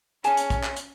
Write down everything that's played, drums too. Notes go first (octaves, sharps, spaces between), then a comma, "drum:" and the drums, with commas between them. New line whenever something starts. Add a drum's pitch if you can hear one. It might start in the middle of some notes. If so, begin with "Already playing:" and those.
C#4 G#4 G#5 A5, drum: hi-hat
drum: hi-hat
drum: kick, hi-hat
drum: clap
drum: hi-hat